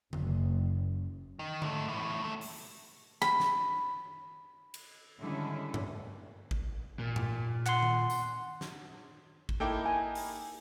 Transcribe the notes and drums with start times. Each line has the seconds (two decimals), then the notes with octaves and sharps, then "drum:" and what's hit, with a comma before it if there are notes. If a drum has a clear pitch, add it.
0.13 F#1, drum: tom D3
1.39 D#3
1.62 G#2 A3, drum: tom D3
1.88 E2 A2
2.21 C2 A3
2.41 drum: open hi-hat
3.22 B5, drum: snare
3.40 drum: snare
4.74 drum: cymbal
5.19 D3 D#3 G3 G#3 C#4 E4
5.74 drum: tom G2
6.51 drum: kick G#1
6.99 A#2
7.16 drum: tom G2
7.66 F#5 C6, drum: clap
7.82 drum: tom D#3
8.10 drum: tambourine
8.61 drum: snare
9.49 drum: kick G#1
9.60 A#3 D#4 E4 A4 G5 D6
9.86 G#5
10.15 drum: open hi-hat